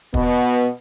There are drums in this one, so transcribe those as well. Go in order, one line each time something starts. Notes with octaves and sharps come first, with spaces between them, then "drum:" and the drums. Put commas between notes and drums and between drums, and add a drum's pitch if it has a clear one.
B2 B3, drum: kick